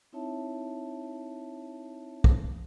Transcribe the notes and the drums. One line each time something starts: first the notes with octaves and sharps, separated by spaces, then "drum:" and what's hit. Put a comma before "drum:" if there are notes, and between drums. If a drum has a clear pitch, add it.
C4 D#4 E4 C#5 E5 A5
drum: kick